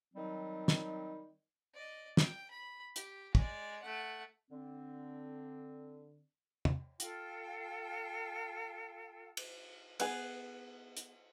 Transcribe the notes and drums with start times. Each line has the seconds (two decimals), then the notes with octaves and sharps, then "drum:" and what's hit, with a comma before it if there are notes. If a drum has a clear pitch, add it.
0.14 D#3 F#3 G3 C4 D#4
0.68 drum: snare
1.74 D5 D#5
2.17 G5, drum: snare
2.51 B5
2.96 G4, drum: hi-hat
3.35 G#3 D5, drum: kick
3.82 A3 F#5
4.50 D3 C4
6.65 drum: tom
7.00 F4 A4 F5 G5, drum: hi-hat
9.37 drum: cymbal
10.00 B3 G#4, drum: cymbal
10.97 drum: hi-hat